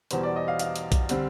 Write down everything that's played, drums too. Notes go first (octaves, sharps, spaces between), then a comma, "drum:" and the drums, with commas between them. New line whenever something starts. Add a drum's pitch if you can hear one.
E2 B2 G3 C5, drum: hi-hat
D5
D#5
F5
F5, drum: hi-hat
drum: hi-hat
drum: kick A#1, hi-hat
D3 G3 C4, drum: hi-hat